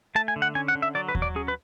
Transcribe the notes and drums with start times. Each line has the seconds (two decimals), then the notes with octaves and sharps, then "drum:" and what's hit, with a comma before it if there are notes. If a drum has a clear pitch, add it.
0.15 A3 A5
0.28 G#5
0.36 D3
0.42 F#5
0.55 C#4 G#5
0.68 F#5
0.75 D3
0.82 E5
0.95 F#3 D5
1.09 B4
1.15 F#3, drum: kick D#2
1.22 D5
1.35 C#4 G#4
1.48 B4